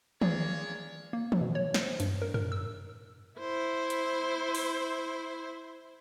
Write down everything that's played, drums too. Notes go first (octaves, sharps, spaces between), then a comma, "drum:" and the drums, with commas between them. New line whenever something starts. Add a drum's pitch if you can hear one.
A#3 D4 F4 G#4 C#5 D5, drum: tom
A#3
drum: tom
B2
C#5
C5, drum: snare
G2, drum: hi-hat
A#4
A#4, drum: tom F#2
E6
E4 C5
drum: hi-hat
drum: open hi-hat